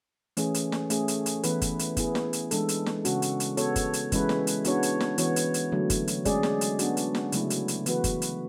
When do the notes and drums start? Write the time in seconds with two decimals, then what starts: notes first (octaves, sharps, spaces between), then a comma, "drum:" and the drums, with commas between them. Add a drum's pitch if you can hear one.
0.37 E3 A3 C#4 G#4, drum: hi-hat
0.54 drum: hi-hat
0.72 drum: snare
0.90 A3 C#4 G#4, drum: hi-hat
1.08 drum: hi-hat
1.26 drum: hi-hat
1.43 E3 B3 E4 B4, drum: hi-hat
1.61 drum: kick F#1, hi-hat
1.79 drum: hi-hat
1.97 B3 E4 G#4, drum: kick F#1, hi-hat
2.15 drum: snare
2.33 drum: hi-hat
2.51 E3 G#3 D4 A4, drum: hi-hat
2.69 drum: hi-hat
2.86 drum: snare
3.05 C#3 G#3 C#4 F#4, drum: hi-hat
3.22 drum: hi-hat
3.40 drum: hi-hat
3.57 B3 F#4 A4 C#5, drum: hi-hat
3.76 drum: kick F#1, hi-hat
3.93 drum: hi-hat
4.12 E3 G#3 C#4 E4 B4, drum: kick F#1, hi-hat
4.29 drum: snare
4.47 drum: hi-hat
4.65 B3 D4 F#4 C#5, drum: hi-hat
4.83 drum: hi-hat
5.00 drum: snare
5.18 E3 B3 F#4 C#5, drum: hi-hat
5.36 drum: hi-hat
5.54 drum: hi-hat
5.72 D3 F#3 A3
5.90 drum: kick F#1, hi-hat
6.08 drum: hi-hat
6.25 G#3 C#4 G#4 D5, drum: kick F#1, hi-hat
6.43 drum: snare
6.61 drum: hi-hat
6.79 B3 D4 F#4, drum: hi-hat
6.97 drum: hi-hat
7.15 drum: snare
7.32 C#3 F#3 A3 E4, drum: hi-hat
7.50 drum: hi-hat
7.68 drum: hi-hat
7.86 E3 B3 F#4 B4, drum: hi-hat
8.04 drum: kick F#1, hi-hat
8.22 drum: hi-hat